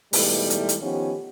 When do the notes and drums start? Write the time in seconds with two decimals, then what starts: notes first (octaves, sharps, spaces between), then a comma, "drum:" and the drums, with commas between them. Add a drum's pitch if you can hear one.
0.13 G#2 B2 E3 G3 A3, drum: open hi-hat
0.50 drum: hi-hat
0.69 drum: hi-hat
0.82 D#3 F3 B3 C#4 G4